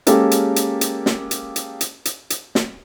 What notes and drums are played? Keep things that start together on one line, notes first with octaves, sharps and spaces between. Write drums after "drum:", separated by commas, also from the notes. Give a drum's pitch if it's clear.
G#3 A#3 C#4 G4 A4 A#4, drum: hi-hat
drum: hi-hat
drum: hi-hat
drum: hi-hat
drum: snare
drum: hi-hat
drum: hi-hat
drum: hi-hat
drum: hi-hat
drum: hi-hat
drum: snare